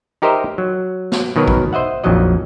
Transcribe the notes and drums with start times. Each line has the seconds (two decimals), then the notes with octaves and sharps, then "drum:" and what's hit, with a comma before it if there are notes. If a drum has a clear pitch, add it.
0.22 D#4 G4 A#4 C5 D#5 E5
0.58 F#3
1.12 drum: snare
1.36 B2 D#3 F#3 A#4 B4
1.48 drum: kick A1
1.73 C5 D#5 E5 F#5
2.04 A#1 F2 D#3 F#3 D#5